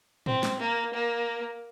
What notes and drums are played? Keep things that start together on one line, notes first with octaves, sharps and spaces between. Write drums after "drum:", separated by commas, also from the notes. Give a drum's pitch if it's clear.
C4, drum: tom A2
drum: snare
A#3
A#3